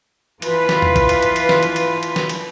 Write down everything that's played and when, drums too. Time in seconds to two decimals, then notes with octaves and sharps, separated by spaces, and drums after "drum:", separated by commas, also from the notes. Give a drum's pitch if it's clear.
0.42 E3 F4 B4, drum: cymbal
0.69 drum: snare
0.82 drum: tom E2
0.96 drum: kick A1, cymbal
1.09 drum: cymbal
1.22 drum: cymbal
1.36 drum: cymbal
1.49 drum: snare
1.63 drum: cymbal
1.76 drum: cymbal
2.03 drum: cymbal
2.16 drum: snare
2.29 drum: cymbal